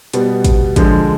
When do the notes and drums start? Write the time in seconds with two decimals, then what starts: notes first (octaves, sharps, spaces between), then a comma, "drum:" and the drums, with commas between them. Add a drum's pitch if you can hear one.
0.13 B2 G3 B3, drum: hi-hat
0.44 drum: kick, hi-hat
0.76 D3 F3 G#3, drum: kick, hi-hat